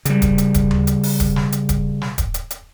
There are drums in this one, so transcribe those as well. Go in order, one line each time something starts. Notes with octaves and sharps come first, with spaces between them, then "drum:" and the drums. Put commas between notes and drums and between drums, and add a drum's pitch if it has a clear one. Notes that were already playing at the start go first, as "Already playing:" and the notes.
C#3 G3, drum: hi-hat
drum: kick D1, hi-hat
drum: hi-hat
drum: kick D1, hi-hat
drum: tom D2
drum: hi-hat
drum: open hi-hat
drum: kick D1, hi-hat
drum: snare
drum: hi-hat
drum: kick D1, hi-hat
drum: snare
drum: kick D1, hi-hat
drum: hi-hat
drum: hi-hat